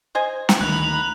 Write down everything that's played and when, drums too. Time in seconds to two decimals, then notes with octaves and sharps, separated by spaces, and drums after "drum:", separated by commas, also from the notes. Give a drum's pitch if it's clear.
0.15 C5 D#5 G#5
0.49 drum: snare
0.61 D2 D#3 A#5 B5 F#6